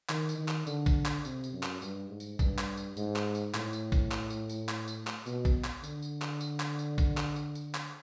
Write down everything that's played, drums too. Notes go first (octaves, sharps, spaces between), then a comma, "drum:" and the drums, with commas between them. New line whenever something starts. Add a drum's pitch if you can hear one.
D#3, drum: clap
drum: tambourine
D#3
drum: clap
D3, drum: tambourine
drum: kick, tambourine
drum: clap
C3, drum: tambourine
drum: tambourine
F#2
drum: clap
G2, drum: tambourine
G#2
drum: tambourine
G2, drum: kick, tambourine
drum: clap
drum: tambourine
G#2, drum: tambourine
drum: clap
drum: tambourine
A2, drum: clap
drum: tambourine
drum: kick, tambourine
drum: clap
drum: tambourine
drum: tambourine
drum: clap
drum: tambourine
drum: clap
B2, drum: tambourine
drum: kick, tambourine
drum: clap
D3, drum: tambourine
drum: tambourine
drum: clap
drum: tambourine
drum: clap
drum: tambourine
drum: kick, tambourine
drum: clap
drum: tambourine
drum: tambourine
drum: clap